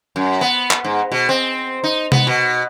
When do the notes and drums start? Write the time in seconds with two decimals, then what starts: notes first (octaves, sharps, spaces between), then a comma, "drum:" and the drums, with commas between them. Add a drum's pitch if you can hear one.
0.16 F#2
0.41 B3
0.71 drum: clap
0.84 G#2
1.12 B2
1.29 C4
1.84 D#4
2.12 B3, drum: tom C3
2.27 B2